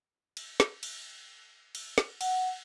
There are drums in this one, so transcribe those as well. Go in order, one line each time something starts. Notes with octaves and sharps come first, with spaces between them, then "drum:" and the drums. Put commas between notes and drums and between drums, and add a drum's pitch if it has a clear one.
drum: cymbal
drum: snare
drum: cymbal
drum: cymbal
drum: snare
F#5, drum: cymbal